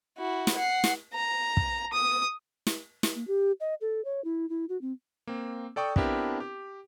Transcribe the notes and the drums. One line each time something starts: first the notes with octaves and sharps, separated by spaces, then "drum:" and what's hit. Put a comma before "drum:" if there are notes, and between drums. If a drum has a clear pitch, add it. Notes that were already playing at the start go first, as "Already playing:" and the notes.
E4 F#4
drum: snare
F#5 C7
drum: snare
A#5
drum: kick
D#6
drum: snare
drum: snare
A#3
G4
D#5
A4
C#5
E4
E4
F#4
C4
A#3 C4
A4 D5 G5 C#6 D#6
B3 C4 D4 E4 G4 A#4, drum: kick
G4